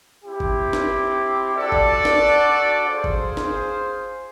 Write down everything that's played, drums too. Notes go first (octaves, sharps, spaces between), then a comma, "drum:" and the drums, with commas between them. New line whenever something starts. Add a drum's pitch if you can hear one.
C4 E4 G4
drum: kick G1
drum: snare
D4 F#4 A4 D5
drum: kick G1
drum: snare
F4 G#4 C5
drum: kick G1
drum: snare